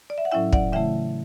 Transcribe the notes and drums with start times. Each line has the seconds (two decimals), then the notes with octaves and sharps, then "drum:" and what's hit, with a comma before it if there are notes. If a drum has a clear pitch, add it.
0.10 D5
0.18 E5
0.25 F#5
0.31 A2 F#3 C#4 E4 E5 G5
0.53 D5 F#5, drum: kick
0.73 C#3 E3 A3 E4 E5 G5